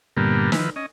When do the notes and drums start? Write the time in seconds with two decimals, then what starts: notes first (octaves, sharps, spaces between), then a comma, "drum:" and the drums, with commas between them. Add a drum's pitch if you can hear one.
0.17 G2 A#2 D3 G3 A#3 B3
0.52 D#3 F3 E4 B4, drum: snare
0.76 C#4 D#5